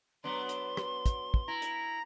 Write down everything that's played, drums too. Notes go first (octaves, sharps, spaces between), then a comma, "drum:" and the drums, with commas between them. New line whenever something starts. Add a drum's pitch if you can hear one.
F#3 B3 D4 C6
drum: hi-hat
drum: rim click
drum: kick, hi-hat
drum: kick
E4 A#5
drum: hi-hat